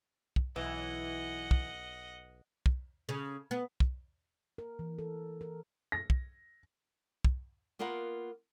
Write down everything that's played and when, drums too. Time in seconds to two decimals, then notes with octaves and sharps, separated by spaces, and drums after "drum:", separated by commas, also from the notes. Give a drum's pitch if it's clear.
0.36 drum: kick
0.56 B1 E3 D#5 F#5
1.51 drum: kick
2.66 drum: kick
3.09 C#3
3.51 B3
3.80 drum: kick
4.58 A#4
4.79 E3
4.99 A4
5.41 A#4
5.92 A#6
6.10 drum: kick
7.25 drum: kick
7.79 A#3 B3 F4 A#4 F#5